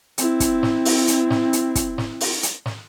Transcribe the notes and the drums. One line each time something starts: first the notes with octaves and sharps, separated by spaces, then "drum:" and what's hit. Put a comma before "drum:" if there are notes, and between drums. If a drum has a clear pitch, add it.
C4 E4, drum: hi-hat
drum: kick, hi-hat
drum: snare
drum: open hi-hat
drum: hi-hat
drum: snare
drum: hi-hat
drum: kick, hi-hat
drum: snare
drum: open hi-hat
drum: hi-hat
drum: snare